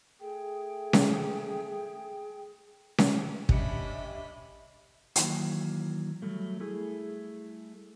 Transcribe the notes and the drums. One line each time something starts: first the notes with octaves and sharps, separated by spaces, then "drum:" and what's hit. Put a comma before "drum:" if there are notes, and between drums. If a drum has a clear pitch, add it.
A3 G#4 G5
drum: snare C#4
drum: snare C#4
G3 C#4 D4 G4 D#5 E5 B5 C#7, drum: kick
D#3 E3 F#3 A#3, drum: hi-hat
F#3 G3 A3
G3 A3 E4 G#4